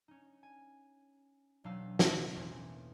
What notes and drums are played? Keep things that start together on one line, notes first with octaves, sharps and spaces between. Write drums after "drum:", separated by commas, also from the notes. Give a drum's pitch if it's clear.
C#4 D#4
G#5
E1 F#3 D4 D#4 F5 E6
drum: snare
A1 E2 A#3 C#4